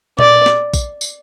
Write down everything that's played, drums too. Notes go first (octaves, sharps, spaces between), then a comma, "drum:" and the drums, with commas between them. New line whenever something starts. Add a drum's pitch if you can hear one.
D5, drum: tom A#2
drum: snare
drum: kick, tambourine
drum: tambourine